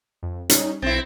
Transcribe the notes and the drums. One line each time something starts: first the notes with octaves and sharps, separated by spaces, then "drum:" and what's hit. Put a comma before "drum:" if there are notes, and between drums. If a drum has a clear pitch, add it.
F2
G3 C#4 D#4 C#5, drum: hi-hat
B1 C4 E4 A6